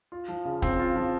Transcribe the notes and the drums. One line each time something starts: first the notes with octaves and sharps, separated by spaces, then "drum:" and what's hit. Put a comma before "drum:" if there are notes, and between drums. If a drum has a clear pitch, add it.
F4
F3
C#3
C4, drum: kick
F4
F3